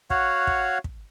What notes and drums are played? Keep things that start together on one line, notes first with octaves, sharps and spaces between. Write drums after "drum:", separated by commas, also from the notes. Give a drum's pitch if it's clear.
F#4 C#5 F5 F#5, drum: kick
drum: kick
drum: kick